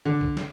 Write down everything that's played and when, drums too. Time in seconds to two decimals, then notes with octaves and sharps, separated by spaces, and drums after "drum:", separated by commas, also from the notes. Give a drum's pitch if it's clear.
0.05 D3
0.21 drum: kick C2
0.37 drum: snare